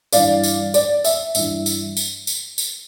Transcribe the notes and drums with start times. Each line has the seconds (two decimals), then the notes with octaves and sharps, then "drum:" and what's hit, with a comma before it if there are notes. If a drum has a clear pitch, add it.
0.13 G2 E3 D5 F5, drum: tambourine
0.43 drum: tambourine
0.74 D5, drum: tambourine
1.04 E5, drum: tambourine
1.35 G2 E3 E5, drum: tambourine
1.66 drum: tambourine
1.97 drum: tambourine
2.27 drum: tambourine
2.58 drum: tambourine